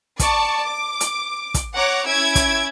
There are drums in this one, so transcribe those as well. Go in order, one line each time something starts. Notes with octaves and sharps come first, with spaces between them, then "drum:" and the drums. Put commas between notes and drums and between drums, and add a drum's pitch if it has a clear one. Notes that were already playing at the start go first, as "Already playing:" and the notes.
D5 A5 C#6, drum: kick, hi-hat
D6
drum: hi-hat
drum: kick, hi-hat
C#5 F#5 A#5 D6
C#4 E4 E6 G#6 D7
drum: kick, hi-hat